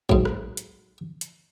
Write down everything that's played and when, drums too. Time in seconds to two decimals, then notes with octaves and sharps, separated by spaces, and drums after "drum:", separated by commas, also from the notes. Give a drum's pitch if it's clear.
0.09 G#2 F#3, drum: kick
0.25 drum: rim click
0.57 drum: hi-hat
1.21 drum: hi-hat